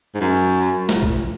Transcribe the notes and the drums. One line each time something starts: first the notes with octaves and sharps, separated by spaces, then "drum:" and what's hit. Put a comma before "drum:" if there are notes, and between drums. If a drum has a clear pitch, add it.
G#2
F#2
drum: snare
drum: kick